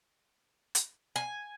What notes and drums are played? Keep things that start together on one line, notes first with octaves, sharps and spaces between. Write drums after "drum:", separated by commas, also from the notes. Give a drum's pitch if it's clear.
drum: hi-hat
G#5